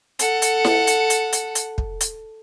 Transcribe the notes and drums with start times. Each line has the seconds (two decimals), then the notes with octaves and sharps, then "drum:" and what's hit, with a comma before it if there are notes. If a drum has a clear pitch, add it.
0.19 A4 F#5, drum: hi-hat
0.42 drum: hi-hat
0.65 drum: snare E4
0.87 drum: hi-hat
1.10 drum: hi-hat
1.33 drum: hi-hat
1.55 drum: hi-hat
1.78 drum: kick
2.01 drum: hi-hat